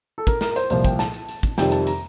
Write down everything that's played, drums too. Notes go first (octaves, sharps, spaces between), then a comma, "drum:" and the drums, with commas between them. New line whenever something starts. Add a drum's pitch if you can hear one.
A4
A#4, drum: kick, hi-hat
A#4, drum: snare
A#4
C5, drum: hi-hat
C2 A#2 F3 C5, drum: hi-hat
G5, drum: kick, hi-hat
A5, drum: snare
drum: hi-hat
drum: hi-hat
drum: kick, hi-hat
F2 C3 D#3 G3 G5, drum: snare
A5, drum: hi-hat
A#5, drum: hi-hat